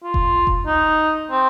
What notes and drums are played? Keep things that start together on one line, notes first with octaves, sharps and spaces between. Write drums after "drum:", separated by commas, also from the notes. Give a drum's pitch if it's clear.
F4
drum: kick F1
drum: kick F1
D#4
C4